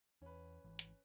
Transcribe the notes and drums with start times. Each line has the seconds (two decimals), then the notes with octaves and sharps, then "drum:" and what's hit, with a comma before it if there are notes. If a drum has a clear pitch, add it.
0.22 E2 C#4 B4
0.64 G#1 E3
0.79 drum: hi-hat